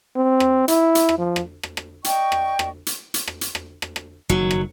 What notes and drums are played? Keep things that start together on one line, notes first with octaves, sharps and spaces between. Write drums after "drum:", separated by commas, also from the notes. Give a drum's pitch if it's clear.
C4
drum: rim click
E4, drum: hi-hat
drum: hi-hat
drum: rim click
F3
drum: rim click
drum: rim click
drum: rim click
D5 D#5 G5 C#6, drum: hi-hat
drum: rim click
drum: rim click
drum: hi-hat
drum: hi-hat
drum: rim click
drum: hi-hat
drum: rim click
drum: rim click
drum: rim click
F#1 D#3 F#3
drum: rim click